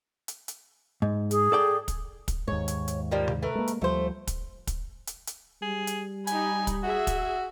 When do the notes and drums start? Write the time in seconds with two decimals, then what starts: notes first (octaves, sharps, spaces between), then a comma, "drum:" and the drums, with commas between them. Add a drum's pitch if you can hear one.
0.28 drum: hi-hat
0.48 drum: hi-hat
1.02 G#2
1.31 G#4, drum: hi-hat
1.52 A4 D5 G5
1.88 drum: kick, hi-hat
2.28 drum: kick, hi-hat
2.48 D#2 G#2 C#5
2.68 drum: hi-hat
2.88 drum: hi-hat
3.11 F3 G3 A#3
3.28 drum: tom C3
3.43 A3 A#4 B4
3.55 G#3 A#3
3.68 drum: hi-hat
3.81 D2 F3 G3 A3 C5
4.27 drum: kick, hi-hat
4.67 drum: kick, hi-hat
5.07 drum: hi-hat
5.27 drum: hi-hat
5.62 G3 G#4
5.87 drum: hi-hat
6.27 D#4 G4 G#5 B5, drum: hi-hat
6.67 drum: kick, hi-hat
6.83 F#4 G#4 E5
7.07 drum: kick, hi-hat